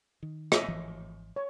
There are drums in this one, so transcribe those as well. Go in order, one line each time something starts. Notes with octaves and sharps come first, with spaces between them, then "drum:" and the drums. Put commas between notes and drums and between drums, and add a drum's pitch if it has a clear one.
D#3
D#5 E5, drum: rim click
G#1 E3 F3
C#5